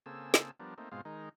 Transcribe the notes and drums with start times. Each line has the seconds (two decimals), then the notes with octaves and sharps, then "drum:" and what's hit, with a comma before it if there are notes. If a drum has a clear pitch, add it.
0.06 C#3 A#3 C4 G#4 A4 E6
0.34 drum: snare
0.60 F3 G3 B3 D4 A#4
0.78 A3 A#3 C4 D#4
0.92 G#2 B2 G#3 C4 F4 F5
1.05 D#3 G#3 D#4 A#4